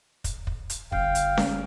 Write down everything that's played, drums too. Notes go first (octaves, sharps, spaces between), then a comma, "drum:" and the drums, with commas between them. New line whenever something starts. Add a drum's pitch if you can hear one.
drum: kick, hi-hat
drum: kick
drum: hi-hat
G1 F5 G5, drum: kick
drum: hi-hat
drum: snare C#4